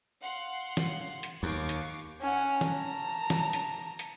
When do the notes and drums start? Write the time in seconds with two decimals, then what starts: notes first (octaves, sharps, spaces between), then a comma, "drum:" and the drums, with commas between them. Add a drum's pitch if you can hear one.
0.22 F5 F#5 C6
0.77 drum: snare
1.23 drum: hi-hat
1.43 D#2 F5 C#6 D6
1.69 drum: hi-hat
2.22 C#4 F#5
2.61 A5 A#5, drum: snare
3.30 drum: snare
3.53 drum: hi-hat
3.99 drum: hi-hat